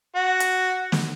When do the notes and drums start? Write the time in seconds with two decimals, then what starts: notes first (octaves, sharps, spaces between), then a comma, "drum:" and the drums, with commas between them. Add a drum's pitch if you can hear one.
0.15 F#4
0.40 drum: hi-hat
0.92 drum: snare